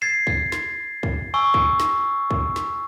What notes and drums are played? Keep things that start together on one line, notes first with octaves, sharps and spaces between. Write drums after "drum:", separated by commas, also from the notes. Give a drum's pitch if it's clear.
G#6 A6 C7 E7
drum: kick
drum: snare
drum: kick
G#5 C#6 E6
drum: kick
drum: snare
drum: kick
drum: snare